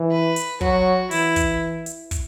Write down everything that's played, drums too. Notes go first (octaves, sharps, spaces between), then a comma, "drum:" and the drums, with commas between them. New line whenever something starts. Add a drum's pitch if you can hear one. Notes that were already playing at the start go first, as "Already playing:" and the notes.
Already playing: E3
B4
drum: hi-hat
F#3 F#4, drum: kick
E3 E4, drum: open hi-hat
drum: kick, hi-hat
drum: hi-hat
drum: kick, hi-hat